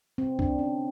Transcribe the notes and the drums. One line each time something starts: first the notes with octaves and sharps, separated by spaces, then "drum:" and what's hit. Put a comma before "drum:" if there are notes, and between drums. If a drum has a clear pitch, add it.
C4
D4, drum: kick C2
C#4